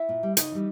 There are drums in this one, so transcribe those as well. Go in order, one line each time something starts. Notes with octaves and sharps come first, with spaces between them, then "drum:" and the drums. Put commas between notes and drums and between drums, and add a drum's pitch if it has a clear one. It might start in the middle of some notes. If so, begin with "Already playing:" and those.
Already playing: E4 E5
A#2
G3
C#3 D#4 D#5, drum: hi-hat
E3 G3